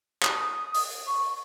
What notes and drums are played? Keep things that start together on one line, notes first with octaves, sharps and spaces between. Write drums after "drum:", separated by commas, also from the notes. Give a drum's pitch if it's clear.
D#6, drum: clap
drum: open hi-hat
C#6